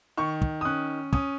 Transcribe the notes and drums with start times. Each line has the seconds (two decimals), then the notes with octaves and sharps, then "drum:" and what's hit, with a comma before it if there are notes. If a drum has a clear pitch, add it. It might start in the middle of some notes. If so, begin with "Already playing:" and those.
0.17 D#3 C#6
0.42 drum: kick
0.61 D#6
0.65 C#4 F#6
1.13 C#4 D#6, drum: kick